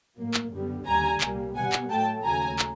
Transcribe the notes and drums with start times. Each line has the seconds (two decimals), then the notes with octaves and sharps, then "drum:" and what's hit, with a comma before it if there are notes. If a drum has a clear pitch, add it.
0.16 A2 F#3 A#3
0.34 drum: clap
0.51 F#2 D3 G3 B3
0.86 D#2 D3 G3 G#5 A#5
1.21 C2 A#2 G3 A#3, drum: clap
1.55 B2 G3 B3 F#5 G#5
1.72 drum: clap
1.90 A2 F#3 A3 G5 A5
2.24 D#2 C#3 F#3 A3 G#5 A#5
2.59 drum: clap